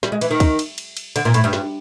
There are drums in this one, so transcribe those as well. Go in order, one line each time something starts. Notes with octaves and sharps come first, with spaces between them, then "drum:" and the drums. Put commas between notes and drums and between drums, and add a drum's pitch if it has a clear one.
G3, drum: snare
G#3
E3, drum: cymbal
D#3
drum: kick, cymbal
drum: cymbal
drum: cymbal
drum: cymbal
D3, drum: cymbal
A#2
A2, drum: cymbal
G2
drum: snare